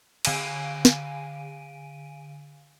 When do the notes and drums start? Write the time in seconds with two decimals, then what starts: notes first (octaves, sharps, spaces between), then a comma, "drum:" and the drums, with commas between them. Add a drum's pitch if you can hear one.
0.25 D3 F5 G#5 D7 D#7, drum: cymbal
0.85 drum: snare